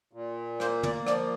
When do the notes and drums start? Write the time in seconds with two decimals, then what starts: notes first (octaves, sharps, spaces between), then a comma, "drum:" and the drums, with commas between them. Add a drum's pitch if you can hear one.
0.13 A#2
0.60 A#3 C5, drum: rim click
0.83 D5, drum: tom
1.07 F3 D5, drum: rim click